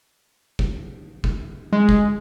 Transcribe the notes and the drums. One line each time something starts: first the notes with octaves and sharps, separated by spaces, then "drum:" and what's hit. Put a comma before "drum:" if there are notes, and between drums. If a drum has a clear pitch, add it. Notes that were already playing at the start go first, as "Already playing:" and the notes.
drum: kick
drum: kick
G#3
drum: kick